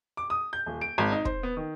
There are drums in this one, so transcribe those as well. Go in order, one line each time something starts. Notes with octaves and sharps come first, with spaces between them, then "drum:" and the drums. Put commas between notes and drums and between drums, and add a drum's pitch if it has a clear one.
D6
D#6
G6
D#1
D7
G#1
D#4
C5, drum: kick
B3
D#3